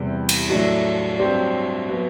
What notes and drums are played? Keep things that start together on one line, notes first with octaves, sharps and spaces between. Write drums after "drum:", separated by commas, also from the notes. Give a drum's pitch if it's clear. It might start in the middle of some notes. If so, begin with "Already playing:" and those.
Already playing: E2 C3 E3 G3
drum: cymbal
A2 F#3 A3 D4
G2 F#3 C4 G4 D5
F#3 B3